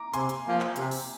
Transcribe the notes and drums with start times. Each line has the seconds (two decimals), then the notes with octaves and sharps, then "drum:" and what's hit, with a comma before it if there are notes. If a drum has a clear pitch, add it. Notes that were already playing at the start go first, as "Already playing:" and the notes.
Already playing: A#5 D6
0.13 C3 G#5 C6, drum: hi-hat
0.29 drum: hi-hat
0.45 F3 A#3
0.60 drum: clap
0.76 C3, drum: hi-hat
0.91 drum: open hi-hat